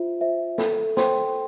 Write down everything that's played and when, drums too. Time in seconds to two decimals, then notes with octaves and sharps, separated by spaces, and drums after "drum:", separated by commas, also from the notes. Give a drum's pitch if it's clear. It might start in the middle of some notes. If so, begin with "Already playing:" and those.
Already playing: F4 C5 E5
0.21 C5 E5
0.58 A4, drum: snare
0.97 C5 G5 C6, drum: snare